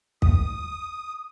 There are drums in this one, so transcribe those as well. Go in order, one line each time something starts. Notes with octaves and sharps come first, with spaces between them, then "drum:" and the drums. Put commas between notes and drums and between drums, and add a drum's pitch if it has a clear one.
D#6, drum: kick